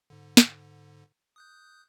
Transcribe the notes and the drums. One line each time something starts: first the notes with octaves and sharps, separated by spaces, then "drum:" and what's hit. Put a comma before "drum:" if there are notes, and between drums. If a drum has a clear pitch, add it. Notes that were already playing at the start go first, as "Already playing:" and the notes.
G#2 D3
drum: snare
D#6 F#6 G6